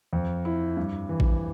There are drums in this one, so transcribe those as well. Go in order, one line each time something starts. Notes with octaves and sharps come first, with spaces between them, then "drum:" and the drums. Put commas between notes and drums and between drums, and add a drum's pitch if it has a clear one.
F2
E4
G2
E3
drum: kick A1